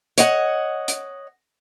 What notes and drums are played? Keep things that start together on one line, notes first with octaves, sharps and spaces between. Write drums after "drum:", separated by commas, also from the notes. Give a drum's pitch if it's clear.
C#5 D#5 F#5, drum: hi-hat
drum: hi-hat